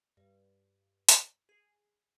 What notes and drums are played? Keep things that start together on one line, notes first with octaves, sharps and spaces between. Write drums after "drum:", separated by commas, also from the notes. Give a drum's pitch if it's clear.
G2
drum: hi-hat
G#4